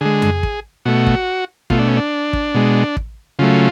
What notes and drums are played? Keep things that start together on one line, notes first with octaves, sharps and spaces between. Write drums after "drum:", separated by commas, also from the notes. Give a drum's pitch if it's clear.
D3 G#3 G#4
drum: tom F2
drum: kick
B2 A3 F#4
drum: kick
B2 A3 F4, drum: kick
D4
C#4
D4
drum: kick
B2 G#3
drum: kick
C#3 F#3 A3 F4